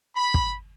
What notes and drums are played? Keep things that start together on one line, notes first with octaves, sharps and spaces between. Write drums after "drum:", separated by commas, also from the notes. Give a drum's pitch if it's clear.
B5
drum: kick